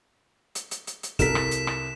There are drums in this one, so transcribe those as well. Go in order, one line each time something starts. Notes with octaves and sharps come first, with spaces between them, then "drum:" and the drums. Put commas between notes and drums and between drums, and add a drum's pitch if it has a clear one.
drum: hi-hat
drum: hi-hat
drum: hi-hat
drum: hi-hat
C2 A4 A#4 B6 E7, drum: kick, hi-hat
drum: rim click
drum: hi-hat
drum: rim click